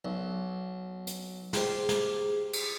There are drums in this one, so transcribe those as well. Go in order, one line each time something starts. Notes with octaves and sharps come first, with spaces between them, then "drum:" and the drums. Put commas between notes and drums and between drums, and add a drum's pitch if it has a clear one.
B1
drum: hi-hat
F4 G4 G#4 C5, drum: snare
drum: snare
drum: cymbal